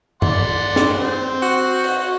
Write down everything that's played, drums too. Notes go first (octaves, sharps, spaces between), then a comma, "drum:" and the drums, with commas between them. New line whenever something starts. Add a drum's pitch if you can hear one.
D5 F#5 C6, drum: tom F#2
drum: snare
C4
F#4
drum: cymbal